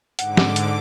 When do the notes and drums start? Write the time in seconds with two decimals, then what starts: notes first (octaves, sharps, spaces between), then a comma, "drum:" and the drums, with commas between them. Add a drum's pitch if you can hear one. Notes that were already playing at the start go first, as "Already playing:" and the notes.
0.19 G#2 D3 F#5 D6, drum: hi-hat
0.37 drum: snare
0.56 drum: hi-hat